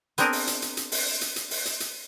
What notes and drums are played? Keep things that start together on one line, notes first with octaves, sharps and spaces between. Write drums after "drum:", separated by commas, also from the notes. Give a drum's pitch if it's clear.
B3 C4 D4 G#4 A#4, drum: hi-hat
drum: open hi-hat
drum: hi-hat
drum: hi-hat
drum: hi-hat
drum: open hi-hat
drum: hi-hat
drum: hi-hat
drum: open hi-hat
drum: hi-hat
drum: hi-hat